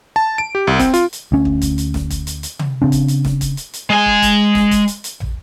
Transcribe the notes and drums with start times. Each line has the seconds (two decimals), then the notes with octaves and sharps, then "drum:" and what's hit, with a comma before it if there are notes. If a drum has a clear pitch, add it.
0.16 A5
0.38 D7
0.55 G4
0.67 C2
0.79 C4, drum: kick, hi-hat
0.94 F4, drum: hi-hat
1.13 drum: hi-hat
1.32 D2 C#4
1.45 drum: kick
1.62 drum: kick, hi-hat
1.78 drum: hi-hat
1.94 drum: snare
2.10 drum: kick, hi-hat
2.27 drum: hi-hat
2.43 drum: hi-hat
2.59 drum: tom
2.82 C#3 C4 D4
2.92 drum: kick, hi-hat
3.08 drum: hi-hat
3.25 drum: snare
3.41 drum: kick, hi-hat
3.57 drum: hi-hat
3.73 drum: hi-hat
3.90 G#3 G#5
4.06 drum: kick
4.22 drum: kick, hi-hat
4.55 drum: snare
4.71 drum: kick, hi-hat
4.88 drum: hi-hat
5.04 drum: hi-hat
5.20 drum: tom